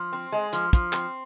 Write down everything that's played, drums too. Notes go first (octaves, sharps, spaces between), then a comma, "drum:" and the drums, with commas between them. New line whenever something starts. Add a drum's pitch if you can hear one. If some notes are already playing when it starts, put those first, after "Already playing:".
Already playing: F3
C4
G#3
F3, drum: hi-hat
F3, drum: kick, hi-hat
C4, drum: clap